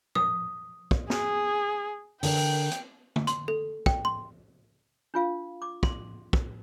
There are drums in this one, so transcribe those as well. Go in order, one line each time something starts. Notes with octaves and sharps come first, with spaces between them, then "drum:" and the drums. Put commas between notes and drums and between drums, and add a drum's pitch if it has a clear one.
D#6, drum: tom
drum: kick
G#4, drum: snare
D3 A#4 G5, drum: open hi-hat
drum: hi-hat
drum: tom D3
C6, drum: hi-hat
A4
G5, drum: kick
C6
D4 F4 F5
D6
C6, drum: kick
drum: kick